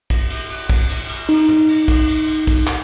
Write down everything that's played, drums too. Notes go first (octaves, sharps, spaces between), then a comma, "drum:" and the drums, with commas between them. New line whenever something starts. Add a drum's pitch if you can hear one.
drum: kick, cymbal
drum: cymbal
drum: cymbal
drum: kick, cymbal
drum: cymbal
drum: cymbal
D#4, drum: cymbal
drum: tom
drum: cymbal
drum: kick, cymbal
drum: cymbal
drum: cymbal
drum: kick, cymbal
drum: clap